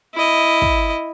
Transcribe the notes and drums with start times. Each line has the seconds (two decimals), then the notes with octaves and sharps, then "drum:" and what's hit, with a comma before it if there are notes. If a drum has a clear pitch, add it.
0.14 E4 D#5
0.62 drum: kick